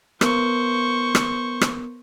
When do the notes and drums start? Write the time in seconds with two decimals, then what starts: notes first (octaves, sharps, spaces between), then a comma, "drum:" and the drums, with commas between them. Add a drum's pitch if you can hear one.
0.21 B3 A#4 C5 C#6, drum: rim click
1.15 drum: rim click
1.61 drum: rim click